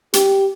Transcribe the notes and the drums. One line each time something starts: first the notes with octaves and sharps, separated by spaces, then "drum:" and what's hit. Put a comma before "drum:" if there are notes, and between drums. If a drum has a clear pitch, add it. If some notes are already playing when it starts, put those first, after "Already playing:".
G4, drum: hi-hat